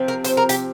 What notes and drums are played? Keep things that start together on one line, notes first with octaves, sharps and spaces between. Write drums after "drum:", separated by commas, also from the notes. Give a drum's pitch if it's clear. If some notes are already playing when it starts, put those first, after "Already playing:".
Already playing: C3 F3 C4
A#4
C5, drum: hi-hat
A#4
G4, drum: hi-hat